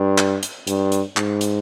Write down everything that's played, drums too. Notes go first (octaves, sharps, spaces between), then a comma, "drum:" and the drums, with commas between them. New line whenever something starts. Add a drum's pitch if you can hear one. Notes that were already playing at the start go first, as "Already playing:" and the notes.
Already playing: G2
drum: clap
drum: hi-hat
G2, drum: hi-hat
drum: hi-hat
G#2, drum: clap
drum: hi-hat